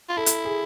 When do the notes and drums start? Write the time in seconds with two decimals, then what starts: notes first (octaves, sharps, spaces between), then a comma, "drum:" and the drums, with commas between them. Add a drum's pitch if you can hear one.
0.09 F4
0.17 E4 A4
0.26 drum: hi-hat
0.45 G#4